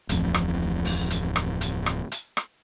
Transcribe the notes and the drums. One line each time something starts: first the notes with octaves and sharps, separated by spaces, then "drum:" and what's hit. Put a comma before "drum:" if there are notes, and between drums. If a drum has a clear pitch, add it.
D1 A1 F2, drum: hi-hat
drum: rim click
drum: open hi-hat
drum: hi-hat
drum: rim click
drum: hi-hat
drum: rim click
drum: hi-hat
drum: rim click